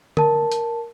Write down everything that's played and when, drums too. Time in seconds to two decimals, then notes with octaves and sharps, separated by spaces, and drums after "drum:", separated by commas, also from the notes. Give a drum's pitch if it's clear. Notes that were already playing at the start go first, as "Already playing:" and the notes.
0.17 A#4 A5, drum: tom D3
0.52 drum: hi-hat